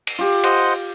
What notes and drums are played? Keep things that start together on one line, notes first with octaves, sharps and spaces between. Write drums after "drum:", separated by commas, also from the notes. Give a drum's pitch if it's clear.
drum: cymbal
F4 G4
C5 D#5 F#5, drum: cymbal